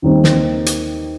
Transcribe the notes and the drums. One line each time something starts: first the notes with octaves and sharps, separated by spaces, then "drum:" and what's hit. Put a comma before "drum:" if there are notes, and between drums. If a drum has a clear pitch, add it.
D#2 D#3 G3 C4 D#4
drum: snare
drum: hi-hat